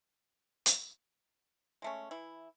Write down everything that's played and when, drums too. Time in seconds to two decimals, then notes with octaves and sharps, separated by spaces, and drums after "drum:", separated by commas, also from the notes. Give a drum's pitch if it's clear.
0.66 drum: hi-hat
1.82 G#3 A3 C#4
2.11 E3 E4